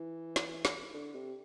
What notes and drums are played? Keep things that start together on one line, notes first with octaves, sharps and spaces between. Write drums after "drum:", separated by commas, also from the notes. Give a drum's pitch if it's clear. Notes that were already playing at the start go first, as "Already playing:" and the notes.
Already playing: E3
drum: snare
drum: snare
D3
C3